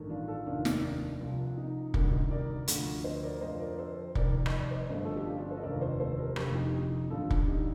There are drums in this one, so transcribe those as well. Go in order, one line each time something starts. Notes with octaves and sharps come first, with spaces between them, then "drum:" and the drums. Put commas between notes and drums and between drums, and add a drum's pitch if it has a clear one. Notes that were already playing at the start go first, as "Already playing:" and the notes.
Already playing: A1 G2 D#3 A3
D4 F4
F4 A4
F1 D#2 D#3 D4 F4
D#4, drum: snare
D#4
D4
C2 C3 F3
D#4
D2 C3 D#3 G3 D4, drum: kick
D#4
A#4 D5
D2 D3 F3 A3, drum: hi-hat
C5 D#5
A#4 D5
F2 D3 F3 C5 D#5
A#4 D5
A4 C5
F1 F2 C3 D#3 A#4 D5, drum: kick
D#5, drum: rim click
D5
C5 D#5
G1 G2 D3 F3 A3
A4
G4
D4 F4
D4 F4
A4 C5
D#5
F1 D#2 D3 F3 A3 A#4 D5
C5 D#5
A4 C5
G4 A#4
F1 F2 D3 F3 A3 G4 A#4, drum: rim click
D#4 G4
D#4 G4
A1 G2 D3 G3 F4 A4
drum: kick
D#4 G4